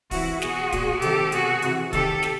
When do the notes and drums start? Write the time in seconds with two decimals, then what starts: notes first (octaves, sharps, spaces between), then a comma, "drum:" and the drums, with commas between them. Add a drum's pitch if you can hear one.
0.11 C3 E3 E4 F#4, drum: kick, open hi-hat
0.42 B2 F#4 G#4, drum: snare
0.72 A#2, drum: kick, hi-hat
1.02 C3 D#3 G4 A4, drum: hi-hat
1.32 B2 F#4 G#4, drum: hi-hat
1.62 C3 E3, drum: hi-hat
1.93 C3 D#3 G4 A4, drum: kick, hi-hat
2.23 drum: snare